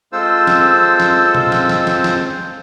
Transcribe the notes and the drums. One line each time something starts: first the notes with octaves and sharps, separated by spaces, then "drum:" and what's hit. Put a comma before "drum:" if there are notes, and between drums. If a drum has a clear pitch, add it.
G#3 C4 F4 A4 C5 E6
drum: snare
drum: snare
drum: tom B2
drum: snare
drum: snare
drum: snare
drum: snare